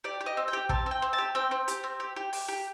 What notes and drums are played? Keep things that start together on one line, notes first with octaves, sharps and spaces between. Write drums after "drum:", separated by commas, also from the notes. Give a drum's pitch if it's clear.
G4 D5
G4
D#5
C4
G5
G4
C4 A5, drum: kick
C4 G5
C4
A5
G4
C4 G5
C4
G4, drum: hi-hat
C4
G4
G4
G4, drum: open hi-hat
G4